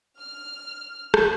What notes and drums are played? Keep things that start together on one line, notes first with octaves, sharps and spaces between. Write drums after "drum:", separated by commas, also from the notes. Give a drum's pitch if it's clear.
F6
drum: rim click